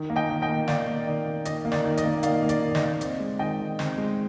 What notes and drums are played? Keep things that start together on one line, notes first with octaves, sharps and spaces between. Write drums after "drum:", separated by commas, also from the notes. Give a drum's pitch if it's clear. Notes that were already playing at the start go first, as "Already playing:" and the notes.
Already playing: D#3
A#3
D#5 G5
D#3
D#5 G5
A#3
D#3 D5 F5, drum: snare
A#3
D#3 D5
A#3
D#3 D#5, drum: hi-hat
A#3
D5, drum: snare
D#3
D#5, drum: hi-hat
A#3
D#3 D5 F5, drum: hi-hat
A#3
D5, drum: hi-hat
D#3
D5
D#5, drum: snare
A#3
C4, drum: hi-hat
G#3
D#3 D#5 G5
D#3
C4, drum: snare
G#3